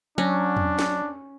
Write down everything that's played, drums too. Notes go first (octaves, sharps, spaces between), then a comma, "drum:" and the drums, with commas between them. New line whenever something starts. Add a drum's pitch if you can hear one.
F#3 C#4 D4
drum: tom E2
drum: snare